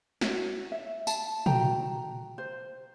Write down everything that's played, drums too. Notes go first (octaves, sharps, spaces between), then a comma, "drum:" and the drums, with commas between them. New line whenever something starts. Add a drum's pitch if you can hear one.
F#4 C#5, drum: snare
E5
A5, drum: tambourine
F#4 G5 A#5, drum: tom
C5